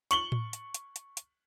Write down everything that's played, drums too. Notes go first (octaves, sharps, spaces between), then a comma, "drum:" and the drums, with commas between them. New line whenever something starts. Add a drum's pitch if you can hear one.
C#6 F#7 G7, drum: hi-hat
drum: tom A2
drum: hi-hat
drum: hi-hat
drum: hi-hat
drum: hi-hat